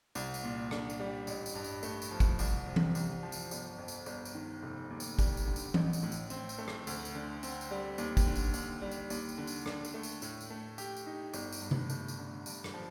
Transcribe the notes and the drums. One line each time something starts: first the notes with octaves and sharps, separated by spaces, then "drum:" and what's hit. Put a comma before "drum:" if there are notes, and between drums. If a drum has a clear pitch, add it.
C2, drum: tambourine
drum: tambourine
A#2
D4, drum: rim click
drum: tambourine
G3
A1, drum: tambourine
drum: tambourine
G2
drum: tambourine
A3, drum: tambourine
drum: tambourine
F3
drum: kick, tambourine
C2, drum: tambourine
C3
drum: tom E3
C2, drum: tambourine
F3
drum: tambourine
G1, drum: tambourine
F2
drum: tambourine
G1, drum: tambourine
drum: tambourine
D#3
F1
D#2
drum: tambourine
G3, drum: kick, tambourine
drum: tambourine
D3
drum: tambourine
A1, drum: tom E3
drum: tambourine
A2
drum: tambourine
C4, drum: tambourine
drum: tambourine
A3
drum: rim click
D2, drum: tambourine
drum: tambourine
D3
C4, drum: tambourine
drum: tambourine
G3
D#2, drum: tambourine
drum: kick, tambourine
D3
drum: tambourine
D#2, drum: tambourine
G3
drum: tambourine
D#2, drum: tambourine
drum: tambourine
D3
drum: tambourine
D4, drum: rim click
drum: tambourine
A3
drum: tambourine
A2, drum: tambourine
drum: tambourine
A3
G4, drum: tambourine
drum: tambourine
D#4
G1, drum: tambourine
drum: tambourine
G2
drum: tom C3
A3, drum: tambourine
drum: tambourine
D3
G2, drum: tambourine
drum: rim click
F3